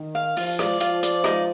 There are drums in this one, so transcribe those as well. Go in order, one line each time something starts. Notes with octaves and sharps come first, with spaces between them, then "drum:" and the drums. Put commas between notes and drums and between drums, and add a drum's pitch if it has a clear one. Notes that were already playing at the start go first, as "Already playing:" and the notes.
Already playing: D#3
F5
F3 F4, drum: open hi-hat
D5, drum: rim click
F3 F4, drum: hi-hat
D5, drum: hi-hat
D#4, drum: rim click